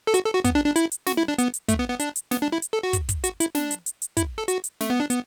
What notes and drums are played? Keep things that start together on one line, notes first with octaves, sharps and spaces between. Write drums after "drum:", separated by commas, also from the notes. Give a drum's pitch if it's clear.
A4
F#4, drum: hi-hat
A4
F#4
B3, drum: kick, hi-hat
D4
D4
E4, drum: hi-hat
drum: hi-hat
F#4, drum: snare
E4
D4
B3, drum: hi-hat
drum: hi-hat
A3, drum: kick, hi-hat
B3
B3
D4, drum: hi-hat
drum: hi-hat
B3, drum: snare
D4
E4
drum: hi-hat
A4
F#4
drum: kick, hi-hat
drum: kick, hi-hat
F#4, drum: hi-hat
E4, drum: hi-hat
D4, drum: snare
drum: hi-hat
drum: hi-hat
drum: hi-hat
E4, drum: kick, hi-hat
A4
F#4, drum: hi-hat
drum: hi-hat
A3, drum: snare
B3
D4
B3, drum: hi-hat